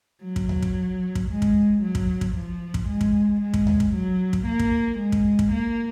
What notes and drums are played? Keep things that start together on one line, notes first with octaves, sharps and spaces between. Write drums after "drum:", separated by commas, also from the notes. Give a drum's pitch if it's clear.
F#3
drum: kick
drum: tom D2
drum: kick
drum: kick
G#3
drum: kick
F#3
drum: kick
drum: kick
F3
drum: kick
G#3
drum: kick
G#3
drum: kick
drum: tom D2
drum: kick
F#3
drum: kick
A#3
drum: kick
G#3
drum: kick
drum: kick
A#3